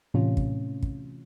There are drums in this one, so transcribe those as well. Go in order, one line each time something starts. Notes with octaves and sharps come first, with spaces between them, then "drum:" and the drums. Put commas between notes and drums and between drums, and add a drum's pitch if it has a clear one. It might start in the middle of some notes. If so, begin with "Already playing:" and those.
A2 C3 E3 C#4 F4
drum: kick
drum: kick